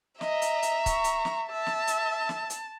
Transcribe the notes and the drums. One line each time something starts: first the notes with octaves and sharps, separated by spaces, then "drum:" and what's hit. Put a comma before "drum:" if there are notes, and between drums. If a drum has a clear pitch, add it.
D#5 E5 A#5, drum: snare
drum: hi-hat
drum: hi-hat
C#6, drum: kick, hi-hat
drum: hi-hat
drum: snare
E5 A5
drum: snare
drum: hi-hat
drum: snare
drum: hi-hat